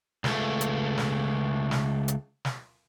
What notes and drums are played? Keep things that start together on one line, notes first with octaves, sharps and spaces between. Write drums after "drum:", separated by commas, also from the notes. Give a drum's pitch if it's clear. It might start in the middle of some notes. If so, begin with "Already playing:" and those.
C#2 A3, drum: snare
drum: hi-hat
drum: snare
drum: snare
drum: hi-hat
drum: snare